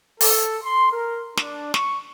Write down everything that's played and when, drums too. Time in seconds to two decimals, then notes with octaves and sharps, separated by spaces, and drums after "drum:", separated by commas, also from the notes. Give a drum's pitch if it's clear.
0.21 A4, drum: open hi-hat
0.63 C6
0.92 A#4
1.38 D4, drum: snare
1.74 C#6, drum: snare